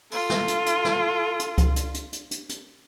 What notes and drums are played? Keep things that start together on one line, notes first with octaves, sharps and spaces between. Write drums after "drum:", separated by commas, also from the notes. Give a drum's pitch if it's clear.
F4 A4, drum: open hi-hat
drum: snare
drum: hi-hat
drum: hi-hat
drum: snare
drum: hi-hat
drum: kick C#2, hi-hat
drum: hi-hat
drum: hi-hat
drum: hi-hat
drum: hi-hat
drum: hi-hat